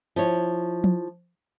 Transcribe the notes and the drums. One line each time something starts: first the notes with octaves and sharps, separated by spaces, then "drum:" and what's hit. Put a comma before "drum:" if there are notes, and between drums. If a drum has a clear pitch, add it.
F3 E4 C#5
drum: tom F3